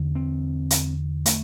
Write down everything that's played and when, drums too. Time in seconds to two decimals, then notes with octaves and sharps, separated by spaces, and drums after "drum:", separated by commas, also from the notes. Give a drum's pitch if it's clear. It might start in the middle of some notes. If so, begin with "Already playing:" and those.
Already playing: E2 D3
0.15 C4
0.70 drum: hi-hat
1.26 A3, drum: hi-hat